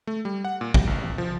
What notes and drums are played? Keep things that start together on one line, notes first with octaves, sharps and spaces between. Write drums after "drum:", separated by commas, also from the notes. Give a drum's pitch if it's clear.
A3
G3
F#5
A#2
G3, drum: kick
A1
F3